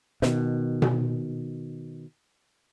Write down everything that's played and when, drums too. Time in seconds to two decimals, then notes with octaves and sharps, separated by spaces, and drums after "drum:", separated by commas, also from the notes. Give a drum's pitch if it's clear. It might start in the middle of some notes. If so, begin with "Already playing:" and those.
0.22 B2 D#3, drum: snare
0.82 drum: tom B2